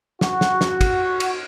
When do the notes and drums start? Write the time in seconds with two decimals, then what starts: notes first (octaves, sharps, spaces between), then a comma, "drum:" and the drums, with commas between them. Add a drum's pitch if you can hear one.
0.21 F#4, drum: snare
0.41 drum: snare
0.61 drum: snare
0.81 drum: kick, cymbal
1.20 drum: cymbal